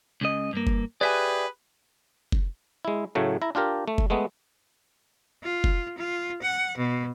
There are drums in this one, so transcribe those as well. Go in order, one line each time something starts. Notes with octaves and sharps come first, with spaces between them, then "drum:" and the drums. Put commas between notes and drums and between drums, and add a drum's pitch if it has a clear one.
C#2 C#3 D#5
G2 A#3
drum: kick F1
G4 G#4 B4 D5 E5 G#5
drum: kick F1
G#3 E4
A2 C#3 F#3 A3
E4 A#5
D4 F4 G4 A#4
A3
drum: kick F1
G#3 A3 B3
F4
drum: kick F1
F4
F#5
B2